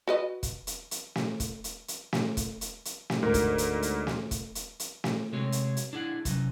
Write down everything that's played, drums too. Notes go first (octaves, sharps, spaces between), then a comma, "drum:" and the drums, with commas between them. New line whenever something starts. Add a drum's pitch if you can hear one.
F#4 B4 D#5
drum: kick, hi-hat
drum: hi-hat
drum: hi-hat
drum: snare
drum: kick, hi-hat
drum: hi-hat
drum: hi-hat
drum: snare
drum: kick, hi-hat
drum: hi-hat
drum: hi-hat
drum: snare
D2 G#2 A#4
drum: kick, hi-hat
drum: hi-hat
drum: hi-hat
drum: snare
drum: kick, hi-hat
drum: hi-hat
drum: hi-hat
drum: snare
C3 G#3 C4 F#4 G#4 C#5
drum: hi-hat
drum: hi-hat
D4 E4 G#4 F#5
C3 F#3 C#4, drum: kick, hi-hat